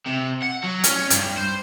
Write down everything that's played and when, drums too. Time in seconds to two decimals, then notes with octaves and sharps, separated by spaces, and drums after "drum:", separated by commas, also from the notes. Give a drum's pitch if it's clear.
0.06 C3
0.42 F#5
0.63 F#3
0.84 C#4, drum: hi-hat
1.10 G2, drum: hi-hat
1.37 C5